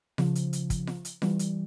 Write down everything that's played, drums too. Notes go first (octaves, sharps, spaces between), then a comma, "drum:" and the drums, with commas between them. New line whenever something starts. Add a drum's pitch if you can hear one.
C#3 F3, drum: snare F4
drum: hi-hat
drum: hi-hat
drum: kick, hi-hat
drum: snare F4
drum: hi-hat
E3 G3, drum: snare F4
drum: hi-hat